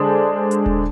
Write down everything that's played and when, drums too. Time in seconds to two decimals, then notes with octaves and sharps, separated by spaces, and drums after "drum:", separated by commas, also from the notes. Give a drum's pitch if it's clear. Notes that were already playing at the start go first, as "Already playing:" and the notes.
Already playing: D3 G#3 D4 G#4 C5
0.51 drum: hi-hat
0.66 drum: kick D#1